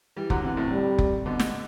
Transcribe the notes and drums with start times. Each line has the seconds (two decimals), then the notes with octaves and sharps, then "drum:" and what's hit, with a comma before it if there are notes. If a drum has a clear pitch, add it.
0.16 E3 G3
0.30 D3 F#3, drum: kick F1
0.43 C3 E3
0.57 A2 C3
0.71 G3
0.98 drum: kick F1
1.26 B2 D3
1.40 drum: snare